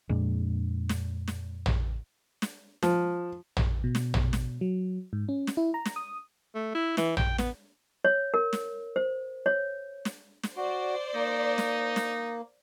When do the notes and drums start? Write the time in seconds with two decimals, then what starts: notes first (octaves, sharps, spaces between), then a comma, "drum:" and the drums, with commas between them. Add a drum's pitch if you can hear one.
0.09 F2 A#2 G#3 D4
0.89 drum: snare
1.28 drum: snare
1.66 drum: tom
2.42 drum: snare
2.83 F3, drum: snare
3.57 drum: tom
3.84 B2
3.95 drum: snare
4.14 drum: tom
4.33 drum: snare
4.61 F#3
5.13 G#2
5.29 C#4
5.47 drum: snare
5.57 E4
5.74 A#5
5.86 drum: snare
5.96 D#6
6.55 A3
6.75 E4
6.97 E3, drum: snare
7.17 G5, drum: tom
7.38 B3, drum: snare
8.05 C#5
8.34 A#4
8.53 drum: snare
8.96 C5
9.46 C#5
10.05 drum: snare
10.44 drum: snare
10.57 F#4 C5 D5
11.14 A#3 D#4
11.58 drum: snare
11.96 drum: snare